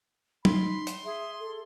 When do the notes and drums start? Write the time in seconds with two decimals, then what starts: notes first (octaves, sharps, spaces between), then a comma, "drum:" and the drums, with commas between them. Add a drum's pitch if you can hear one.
0.45 D#4 B5 C6, drum: tom
0.87 drum: hi-hat
1.05 G#4 E5
1.40 A4